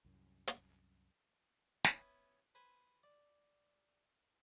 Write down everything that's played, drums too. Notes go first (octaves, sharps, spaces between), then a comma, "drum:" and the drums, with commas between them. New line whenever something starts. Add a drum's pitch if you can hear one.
C2 F#2
drum: hi-hat
B3 C#4 E4, drum: snare
B4 C5 G#5 B5
D5